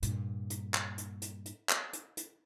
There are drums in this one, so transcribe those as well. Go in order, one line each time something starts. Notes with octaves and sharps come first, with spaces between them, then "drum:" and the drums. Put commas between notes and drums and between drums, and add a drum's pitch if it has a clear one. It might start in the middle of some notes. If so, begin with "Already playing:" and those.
G2 A#2, drum: hi-hat
drum: hi-hat
drum: clap
drum: hi-hat
drum: hi-hat
drum: hi-hat
drum: clap
drum: hi-hat
drum: hi-hat